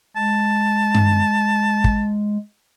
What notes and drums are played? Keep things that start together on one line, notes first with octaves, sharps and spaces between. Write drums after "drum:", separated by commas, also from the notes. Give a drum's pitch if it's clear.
G#3 A5
drum: tom G2
drum: kick